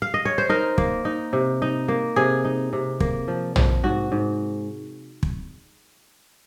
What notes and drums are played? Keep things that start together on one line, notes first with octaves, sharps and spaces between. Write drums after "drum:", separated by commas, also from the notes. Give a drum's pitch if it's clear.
F5
D#5
C#5
C5
D#4 A#4
A#3, drum: kick
D#4
C3
D#4
A#3
C3 G#4
D#4
C3
A#3, drum: kick
F3
F3, drum: tom
G#2 F#4
G#2
drum: kick